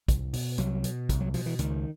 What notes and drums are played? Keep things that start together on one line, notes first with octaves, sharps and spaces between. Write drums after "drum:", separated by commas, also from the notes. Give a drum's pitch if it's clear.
C2, drum: kick, hi-hat
B2, drum: open hi-hat
C2 F#3, drum: hi-hat
B2, drum: hi-hat
C2, drum: kick, hi-hat
F#3
B2 F3, drum: open hi-hat
E3
C#2 D#3, drum: hi-hat